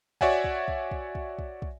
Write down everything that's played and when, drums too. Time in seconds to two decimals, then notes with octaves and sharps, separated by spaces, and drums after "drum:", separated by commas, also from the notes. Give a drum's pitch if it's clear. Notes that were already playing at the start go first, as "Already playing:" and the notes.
0.21 F#4 C#5 D5 E5 F#5 G#5, drum: kick
0.44 drum: kick
0.68 drum: kick
0.91 drum: kick
1.15 drum: kick
1.39 drum: kick
1.62 drum: kick